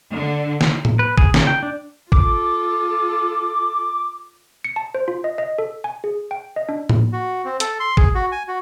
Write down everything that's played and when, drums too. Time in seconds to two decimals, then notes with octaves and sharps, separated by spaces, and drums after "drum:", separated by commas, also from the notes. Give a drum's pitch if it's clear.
0.12 D3
0.61 drum: snare
0.85 drum: tom A2
0.99 B4
1.17 G#4, drum: kick
1.34 C#3, drum: snare
1.47 G5
1.63 D4
2.12 F4 A4 D6, drum: kick
4.65 C#7
4.76 A5
4.95 C5
5.08 F4
5.24 D#5
5.38 D#5
5.59 A4
5.84 G#5
6.04 G#4
6.31 G5
6.56 D#5
6.69 D4
6.89 drum: tom A2
7.13 F#4
7.45 C4
7.60 A4, drum: hi-hat
7.80 C6
7.97 G#4, drum: kick
8.15 F#4
8.32 G#5
8.48 F#4